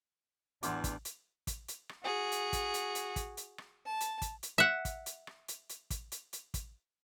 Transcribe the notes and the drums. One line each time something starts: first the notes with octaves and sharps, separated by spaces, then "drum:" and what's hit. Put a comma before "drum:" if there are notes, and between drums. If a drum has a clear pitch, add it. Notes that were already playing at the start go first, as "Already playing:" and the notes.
A1 E2 D4 F#5 C6 D6 F6 E7, drum: hi-hat
drum: kick, hi-hat
drum: hi-hat
drum: kick, hi-hat
drum: hi-hat
drum: rim click
F#4 G#4
drum: hi-hat
drum: kick, hi-hat
drum: hi-hat
drum: hi-hat
drum: kick, hi-hat
drum: hi-hat
drum: rim click
A5
drum: hi-hat
drum: kick, hi-hat
drum: hi-hat
E5 F#5
drum: kick, hi-hat
drum: hi-hat
drum: rim click
drum: hi-hat
drum: hi-hat
drum: kick, hi-hat
drum: hi-hat
drum: hi-hat
drum: kick, hi-hat